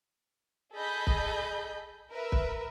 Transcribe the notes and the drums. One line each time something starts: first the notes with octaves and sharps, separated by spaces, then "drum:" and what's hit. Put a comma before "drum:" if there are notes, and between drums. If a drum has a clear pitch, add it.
G#4 A4 D#5 B5 G6
drum: kick
A#4 B4 E5
drum: kick